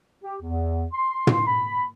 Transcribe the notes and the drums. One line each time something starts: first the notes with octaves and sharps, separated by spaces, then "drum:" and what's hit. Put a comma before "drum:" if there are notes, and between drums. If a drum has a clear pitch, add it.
G4
E2
C6
drum: tom
B5